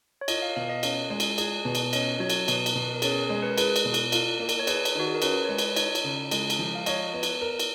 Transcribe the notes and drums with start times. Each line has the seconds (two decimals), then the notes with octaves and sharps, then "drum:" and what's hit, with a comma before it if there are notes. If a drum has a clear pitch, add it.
0.21 C#5
0.28 F4 D#5, drum: cymbal
0.42 F5
0.56 B2 F5
0.69 D#5
0.83 C#4, drum: cymbal
1.10 G#3
1.20 drum: cymbal
1.38 G#4, drum: cymbal
1.65 B2
1.75 drum: cymbal
1.93 C#4 D#5, drum: cymbal
2.20 F#3 C#5
2.30 drum: cymbal
2.48 B2, drum: cymbal
2.66 drum: cymbal
2.75 B2
2.94 A#4
3.02 C#4 G#4, drum: cymbal
3.29 G#3 C#5
3.42 B4
3.50 A#4
3.58 G#4 B4, drum: cymbal
3.76 drum: cymbal
3.85 B2
3.94 drum: cymbal
4.12 F4, drum: cymbal
4.39 A#3
4.49 drum: cymbal
4.60 C#5
4.67 G#4 B4, drum: cymbal
4.85 drum: cymbal
4.95 D#3 F#4
5.07 G#4
5.14 A#4
5.22 C#4 B4, drum: cymbal
5.45 C#5
5.49 G#3 B4
5.58 drum: cymbal
5.76 D#4 C#5, drum: cymbal
5.95 drum: cymbal
6.04 C#3
6.31 G#3, drum: cymbal
6.50 drum: cymbal
6.59 F3
6.75 F5
6.86 C#5 D#5, drum: cymbal
7.14 B3
7.23 drum: cymbal
7.41 A#4
7.59 drum: cymbal